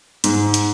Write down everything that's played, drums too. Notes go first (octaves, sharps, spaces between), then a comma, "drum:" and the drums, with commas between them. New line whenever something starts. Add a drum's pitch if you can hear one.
G#2, drum: hi-hat
drum: hi-hat